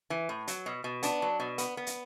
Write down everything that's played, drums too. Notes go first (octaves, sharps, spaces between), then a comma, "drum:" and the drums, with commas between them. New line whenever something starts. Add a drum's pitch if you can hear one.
E3
A2
F#3, drum: hi-hat
B2
B2
B3 D4, drum: hi-hat
F#3
B2
B3, drum: hi-hat
B3
drum: hi-hat